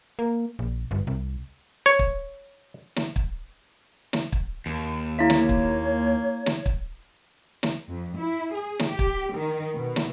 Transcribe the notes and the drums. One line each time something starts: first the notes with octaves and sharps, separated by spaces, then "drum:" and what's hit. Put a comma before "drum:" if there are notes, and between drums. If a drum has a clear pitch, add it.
A#3
A#1
G1
C2
C#5
drum: kick
drum: snare
drum: kick
drum: snare
drum: kick
D#2
A#3 E4 C#5 F5
drum: snare
drum: kick
drum: snare
drum: kick
drum: snare
F2
E4
G#4
drum: snare
G4
drum: kick
D#3
B2
drum: snare